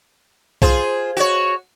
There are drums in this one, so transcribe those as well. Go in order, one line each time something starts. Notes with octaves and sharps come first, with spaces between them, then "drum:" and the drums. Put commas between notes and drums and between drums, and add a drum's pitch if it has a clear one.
F4 G#4 C5, drum: kick B1
F#4 C#5